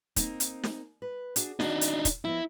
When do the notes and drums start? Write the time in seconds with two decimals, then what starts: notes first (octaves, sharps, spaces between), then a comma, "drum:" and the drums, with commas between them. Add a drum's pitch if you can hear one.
0.16 A#3 C4 D#4, drum: kick, hi-hat
0.40 drum: hi-hat
0.63 drum: snare
1.02 B4
1.36 D4 F#4 G#4, drum: hi-hat
1.60 D#3 D4 D#4 F#4, drum: snare
1.81 drum: hi-hat
2.05 drum: kick, hi-hat
2.25 F3 B3 E4 D#5